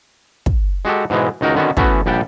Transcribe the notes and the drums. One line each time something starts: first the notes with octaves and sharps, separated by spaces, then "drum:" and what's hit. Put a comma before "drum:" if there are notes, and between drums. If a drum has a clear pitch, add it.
drum: kick
G#3 F#4 G4 A4
G#2 B2 E3 G#3
C#2 D#3 D#4 F#4 A#4
D3 D#3 B3 C#4 F#4
E3 A3 B3 C#4 F#4, drum: kick
A#1 G3 G4 F#5 G5 A5